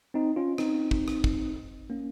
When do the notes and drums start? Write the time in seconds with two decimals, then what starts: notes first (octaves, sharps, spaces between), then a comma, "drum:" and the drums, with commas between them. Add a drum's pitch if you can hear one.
0.14 C4 D#4
0.36 C#4 F4
0.58 C4 D#4, drum: rim click
0.91 drum: kick
1.08 drum: rim click
1.24 drum: kick
1.90 A#3 C#4